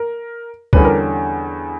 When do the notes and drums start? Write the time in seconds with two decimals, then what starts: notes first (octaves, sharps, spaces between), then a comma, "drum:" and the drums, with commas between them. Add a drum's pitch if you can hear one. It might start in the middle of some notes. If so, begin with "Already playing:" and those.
Already playing: A#4
0.73 E2 D3 G3 C#4 B4, drum: kick C#2
0.84 A#4